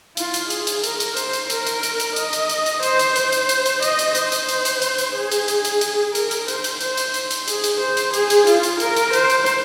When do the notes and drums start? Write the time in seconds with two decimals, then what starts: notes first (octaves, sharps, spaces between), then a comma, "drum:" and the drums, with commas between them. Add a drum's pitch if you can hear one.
0.17 F4, drum: hi-hat
0.34 drum: hi-hat
0.50 G#4, drum: hi-hat
0.67 drum: hi-hat
0.84 A#4, drum: hi-hat
1.00 drum: hi-hat
1.17 C5, drum: hi-hat
1.33 drum: hi-hat
1.50 A#4, drum: hi-hat
1.67 drum: hi-hat
1.83 drum: hi-hat
2.00 drum: hi-hat
2.16 D#5, drum: hi-hat
2.33 drum: hi-hat
2.50 drum: hi-hat
2.66 drum: hi-hat
2.83 C5, drum: hi-hat
2.99 drum: hi-hat
3.16 C5, drum: hi-hat
3.32 drum: hi-hat
3.49 drum: hi-hat
3.66 drum: hi-hat
3.82 D#5, drum: hi-hat
3.99 drum: hi-hat
4.15 C5, drum: hi-hat
4.32 drum: hi-hat
4.49 drum: hi-hat
4.65 drum: hi-hat
4.82 drum: hi-hat
4.98 drum: hi-hat
5.15 G#4
5.32 drum: hi-hat
5.48 drum: hi-hat
5.65 drum: hi-hat
5.81 drum: hi-hat
6.15 A#4, drum: hi-hat
6.31 drum: hi-hat
6.48 C5, drum: hi-hat
6.64 drum: hi-hat
6.81 C5, drum: hi-hat
6.97 drum: hi-hat
7.14 drum: hi-hat
7.31 drum: hi-hat
7.48 G#4, drum: hi-hat
7.64 drum: hi-hat
7.80 C5
7.97 drum: hi-hat
8.14 G#4, drum: hi-hat
8.30 drum: hi-hat
8.47 F4, drum: hi-hat
8.63 drum: hi-hat
8.80 A#4, drum: hi-hat
8.96 drum: hi-hat
9.13 C5, drum: hi-hat
9.30 drum: hi-hat
9.46 drum: hi-hat